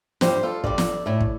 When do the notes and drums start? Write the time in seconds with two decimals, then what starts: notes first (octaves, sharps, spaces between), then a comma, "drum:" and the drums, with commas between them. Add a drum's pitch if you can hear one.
0.21 G2 G3 G4 C5, drum: snare
0.37 G4
0.43 F4 A4
0.64 G2 G3 A4 D5, drum: kick
0.78 drum: snare
1.06 A2 A3
1.20 drum: kick